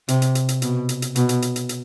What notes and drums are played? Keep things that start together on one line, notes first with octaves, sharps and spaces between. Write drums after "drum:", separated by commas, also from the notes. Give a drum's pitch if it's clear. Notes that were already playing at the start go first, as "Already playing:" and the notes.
C3, drum: hi-hat
drum: hi-hat
drum: hi-hat
drum: hi-hat
B2, drum: hi-hat
drum: hi-hat
drum: hi-hat
B2, drum: hi-hat
drum: hi-hat
drum: hi-hat
drum: hi-hat
drum: hi-hat